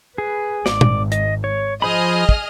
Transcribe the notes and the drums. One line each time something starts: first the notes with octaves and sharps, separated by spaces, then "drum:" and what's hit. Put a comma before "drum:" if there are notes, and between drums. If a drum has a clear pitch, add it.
G#4 B4
G#1 D5 D6, drum: snare
drum: tom
D#5, drum: hi-hat
C#5
F3 G#4 C5 D#5 B5 F6
drum: kick